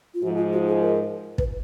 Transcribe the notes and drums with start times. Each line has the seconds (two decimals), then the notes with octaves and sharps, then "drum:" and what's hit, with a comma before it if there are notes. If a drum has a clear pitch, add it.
0.14 F4
0.23 G#2 F3 G#3 F#4
0.37 F4
0.53 F#4
0.67 G#4
0.81 A#4
1.38 B4, drum: kick